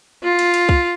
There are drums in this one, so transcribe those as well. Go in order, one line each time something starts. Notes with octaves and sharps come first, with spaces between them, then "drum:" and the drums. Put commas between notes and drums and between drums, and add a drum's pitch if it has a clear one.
F4
drum: cymbal
drum: cymbal
drum: kick C2